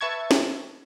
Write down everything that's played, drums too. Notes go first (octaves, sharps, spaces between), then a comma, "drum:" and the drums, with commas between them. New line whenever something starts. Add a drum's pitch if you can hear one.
B4 E5 A5 C#6 G#6
drum: snare